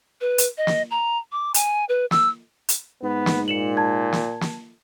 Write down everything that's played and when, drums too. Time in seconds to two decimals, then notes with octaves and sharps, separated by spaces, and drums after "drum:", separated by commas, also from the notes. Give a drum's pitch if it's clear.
0.21 B4
0.38 drum: hi-hat
0.57 D#5
0.67 drum: snare
0.90 A#5
1.32 D6
1.54 G#5, drum: hi-hat
1.89 B4
2.11 E6, drum: snare
2.69 drum: hi-hat
3.03 G#2 B3
3.26 drum: snare
3.48 A#2 C#7 E7 F#7
3.77 A5 G#6
4.12 drum: snare
4.41 drum: snare